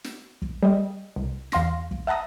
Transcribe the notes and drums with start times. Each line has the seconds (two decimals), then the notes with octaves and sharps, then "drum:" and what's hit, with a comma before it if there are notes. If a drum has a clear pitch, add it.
0.04 drum: snare
0.42 drum: kick
0.63 G3 G4 D#5
1.16 C2
1.52 E2 F5 C6 A#6, drum: snare
1.91 drum: kick
2.07 E5 F#5 A5 A#5 D#6